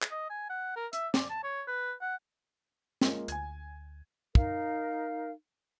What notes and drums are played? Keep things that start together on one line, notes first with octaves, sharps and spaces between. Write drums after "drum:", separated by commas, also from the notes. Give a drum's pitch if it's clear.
drum: clap
D#5
G#5
F#5
A#4
E5, drum: hi-hat
D5, drum: snare
A5
C#5
B4
F#5
G#3 A#3 C#4 F4, drum: snare
D2 G#5 G#6, drum: hi-hat
D#4 A#4 F5, drum: kick